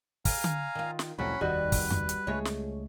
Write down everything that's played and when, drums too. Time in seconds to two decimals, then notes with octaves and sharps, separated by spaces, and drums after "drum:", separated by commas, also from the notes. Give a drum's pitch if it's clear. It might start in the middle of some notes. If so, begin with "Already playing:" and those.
0.25 F5 G#5 A#5, drum: kick, open hi-hat
0.44 drum: tom D3
0.75 D#3 F4
0.99 drum: snare
1.19 C2 F2 A2 F#3 C#4 F#5 B5
1.41 F1 D#2 D#3 G3 F#4 B4 D#5
1.72 drum: kick, open hi-hat
1.90 drum: tom F2
2.09 drum: hi-hat
2.27 C#2 G#3 A3 G#4 C#5
2.45 drum: snare